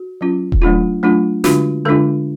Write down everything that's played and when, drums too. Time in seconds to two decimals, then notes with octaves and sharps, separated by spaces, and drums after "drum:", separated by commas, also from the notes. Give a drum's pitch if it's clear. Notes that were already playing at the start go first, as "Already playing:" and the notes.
Already playing: F#4
0.21 F#3 C#4 F4
0.52 drum: kick D#1
0.62 F#3 A3 D4 F4
1.03 F#3 A3 D4 F4
1.44 D3 G#3 D4 F4 F#4, drum: snare
1.85 D3 G#3 D4 F4 A4